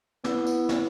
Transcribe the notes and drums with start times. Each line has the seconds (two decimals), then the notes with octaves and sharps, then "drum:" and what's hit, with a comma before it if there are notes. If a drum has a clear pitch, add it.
0.24 B3 E4, drum: snare
0.47 drum: tambourine
0.69 drum: snare